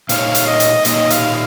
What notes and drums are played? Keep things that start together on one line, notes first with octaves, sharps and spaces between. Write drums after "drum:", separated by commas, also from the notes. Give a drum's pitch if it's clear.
A#2 A#3 D#4 C#5 F5, drum: hi-hat
drum: hi-hat
D#5
drum: hi-hat
A#2 A#3 D#4 C#5 D#5, drum: hi-hat
F5, drum: hi-hat